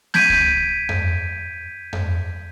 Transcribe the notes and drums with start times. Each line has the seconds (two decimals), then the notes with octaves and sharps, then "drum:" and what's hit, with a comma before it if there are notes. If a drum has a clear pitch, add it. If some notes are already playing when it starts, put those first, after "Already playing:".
0.14 G6 G#6 B6 D7 D#7, drum: snare B3
0.30 drum: kick C#2
0.89 drum: tom F2
1.93 drum: tom F2